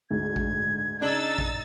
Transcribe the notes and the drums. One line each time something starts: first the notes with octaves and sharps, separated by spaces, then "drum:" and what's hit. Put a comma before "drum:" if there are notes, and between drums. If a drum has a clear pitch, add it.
D2 G#2 G#6
drum: kick A1
C#3 D4 D#4 E6 A6 F#7
drum: kick A1